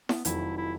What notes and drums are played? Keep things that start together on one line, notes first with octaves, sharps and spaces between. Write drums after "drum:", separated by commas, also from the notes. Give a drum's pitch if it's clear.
B3, drum: snare E4
F1 F2 C3 D#3 F#3 E4, drum: hi-hat
E4